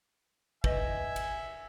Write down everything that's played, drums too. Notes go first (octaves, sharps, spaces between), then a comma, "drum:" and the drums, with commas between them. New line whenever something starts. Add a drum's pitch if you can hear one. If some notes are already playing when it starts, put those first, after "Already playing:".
B4 D#5 E5 G#5, drum: kick
drum: cymbal